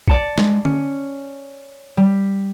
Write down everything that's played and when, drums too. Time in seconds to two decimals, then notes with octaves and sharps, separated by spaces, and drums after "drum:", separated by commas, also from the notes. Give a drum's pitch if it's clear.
0.08 D5 A5 C#7, drum: kick
0.38 G#3, drum: snare
0.65 C#4, drum: tom D3
1.97 G3